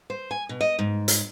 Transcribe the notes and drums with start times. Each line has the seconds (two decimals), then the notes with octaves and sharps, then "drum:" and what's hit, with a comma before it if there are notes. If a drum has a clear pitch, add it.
0.10 C5
0.31 G#5
0.49 B2
0.61 D#5
0.79 G#2
1.08 drum: hi-hat